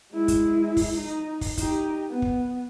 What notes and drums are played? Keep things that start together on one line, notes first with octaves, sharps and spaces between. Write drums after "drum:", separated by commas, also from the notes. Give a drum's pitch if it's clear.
G#3 E4
drum: kick, hi-hat
drum: kick, open hi-hat
D#4
drum: kick, open hi-hat
D#4 G4, drum: kick, hi-hat
B3
drum: kick